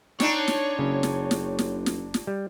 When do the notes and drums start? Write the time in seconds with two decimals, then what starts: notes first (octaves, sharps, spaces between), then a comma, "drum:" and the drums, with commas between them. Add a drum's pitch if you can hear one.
0.20 C4 D4 D#4 C#5, drum: snare
0.48 drum: snare
0.79 F#1 C#3
1.03 drum: snare
1.31 drum: snare
1.59 drum: snare
1.86 drum: snare
2.14 drum: snare
2.27 G3